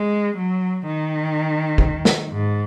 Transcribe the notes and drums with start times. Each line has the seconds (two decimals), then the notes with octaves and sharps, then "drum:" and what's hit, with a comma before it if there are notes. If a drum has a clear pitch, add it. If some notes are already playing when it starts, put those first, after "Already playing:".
Already playing: G#3
0.37 F#3
0.86 D#3
1.78 drum: kick
2.05 drum: snare
2.32 G#2